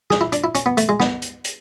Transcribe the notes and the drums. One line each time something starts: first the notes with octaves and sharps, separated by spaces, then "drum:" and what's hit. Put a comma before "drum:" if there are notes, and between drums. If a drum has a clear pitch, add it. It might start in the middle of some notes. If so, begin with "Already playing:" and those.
G#4, drum: snare
E4
D4, drum: hi-hat
E4
C#4, drum: hi-hat
B3
A3, drum: hi-hat
G#3
B3, drum: snare
drum: hi-hat
drum: hi-hat